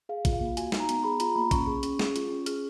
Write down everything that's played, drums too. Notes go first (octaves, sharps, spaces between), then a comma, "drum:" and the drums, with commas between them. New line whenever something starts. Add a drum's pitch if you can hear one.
G#4 F5
F4, drum: kick, hi-hat
F5
A#3
F#4 G#5, drum: hi-hat
D#4, drum: snare
A#5
B3, drum: hi-hat
G#4 B5
F4 A#5, drum: hi-hat
A#3 B5
C#4 C#6, drum: kick, hi-hat
G#4
C#4, drum: hi-hat
G#4, drum: snare
F4, drum: hi-hat
C#4
G#4 F6, drum: hi-hat